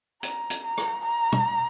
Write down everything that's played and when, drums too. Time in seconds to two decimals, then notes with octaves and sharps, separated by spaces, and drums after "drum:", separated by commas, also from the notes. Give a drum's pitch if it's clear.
0.23 A#5, drum: hi-hat
0.50 drum: hi-hat
0.64 A#5
0.78 drum: rim click
1.05 A#5
1.32 drum: tom